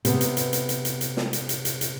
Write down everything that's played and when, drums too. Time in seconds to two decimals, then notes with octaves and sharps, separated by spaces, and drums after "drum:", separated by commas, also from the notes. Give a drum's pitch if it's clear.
0.05 C3 B3, drum: hi-hat
0.21 drum: hi-hat
0.37 drum: hi-hat
0.53 drum: hi-hat
0.69 drum: hi-hat
0.85 drum: hi-hat
1.01 drum: hi-hat
1.17 drum: snare
1.33 drum: hi-hat
1.49 drum: hi-hat
1.65 drum: hi-hat
1.81 drum: hi-hat